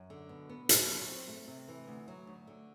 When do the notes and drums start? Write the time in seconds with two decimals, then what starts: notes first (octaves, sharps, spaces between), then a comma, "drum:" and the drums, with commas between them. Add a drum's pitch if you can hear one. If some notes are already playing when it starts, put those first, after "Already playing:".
Already playing: F#2
0.10 D3
0.29 B2
0.49 B3
0.69 B2, drum: hi-hat
0.89 F#3
1.08 C4
1.28 A3
1.48 C3
1.68 E3
1.87 D2
2.08 F#3
2.27 D2
2.47 D3